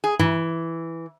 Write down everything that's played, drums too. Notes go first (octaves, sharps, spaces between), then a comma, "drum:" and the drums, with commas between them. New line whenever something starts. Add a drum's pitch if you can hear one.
G#4
E3, drum: tom G2